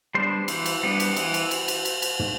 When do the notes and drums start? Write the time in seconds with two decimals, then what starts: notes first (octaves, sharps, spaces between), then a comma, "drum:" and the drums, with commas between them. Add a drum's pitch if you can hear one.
0.15 G3 B3 D4 C5
0.48 E3, drum: cymbal
0.66 drum: cymbal
0.83 G3 B3 D4
1.00 drum: cymbal
1.16 E3, drum: cymbal
1.34 drum: cymbal
1.51 drum: cymbal
1.68 drum: cymbal
1.85 drum: cymbal
2.02 drum: cymbal
2.19 drum: tom